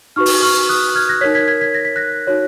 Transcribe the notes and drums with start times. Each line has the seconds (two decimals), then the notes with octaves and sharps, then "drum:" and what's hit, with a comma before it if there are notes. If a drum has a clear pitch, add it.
0.16 D#4 F#4 B4 C#6 F6
0.26 drum: open hi-hat
0.42 C#6 F6
0.69 D#6 F#6
0.95 F6 G#6
1.09 F#6 A#6
1.21 D#4 A#4 C#5 G#6 B6
1.35 G#6 B6
1.48 G#6 B6
1.61 G#6 B6
1.75 A#6
1.85 B6
1.96 F#6 A#6
2.27 D#4 F#4 C#5